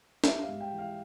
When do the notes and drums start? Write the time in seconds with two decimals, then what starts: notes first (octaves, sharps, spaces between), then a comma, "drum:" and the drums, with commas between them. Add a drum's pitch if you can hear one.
0.24 G3 E5, drum: snare
0.42 F5
0.49 G#2
0.61 G5
0.73 E3
0.78 F5